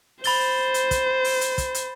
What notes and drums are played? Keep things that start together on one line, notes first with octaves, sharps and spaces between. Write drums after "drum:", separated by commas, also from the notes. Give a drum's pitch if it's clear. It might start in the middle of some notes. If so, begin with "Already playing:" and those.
C5 B5 A6 G7, drum: open hi-hat
drum: hi-hat
drum: kick, hi-hat
drum: open hi-hat
drum: hi-hat
drum: kick, hi-hat
drum: hi-hat